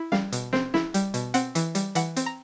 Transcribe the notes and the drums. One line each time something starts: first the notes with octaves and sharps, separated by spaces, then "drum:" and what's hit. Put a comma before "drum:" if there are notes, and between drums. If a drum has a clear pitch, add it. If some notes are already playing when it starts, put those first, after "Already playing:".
Already playing: E4
G3 F5, drum: snare
B2, drum: hi-hat
C4, drum: snare
E4, drum: snare
G3, drum: hi-hat
B2, drum: hi-hat
C4 F#5, drum: hi-hat
E3, drum: hi-hat
G3, drum: hi-hat
E3 F#5, drum: hi-hat
C4, drum: hi-hat
A#5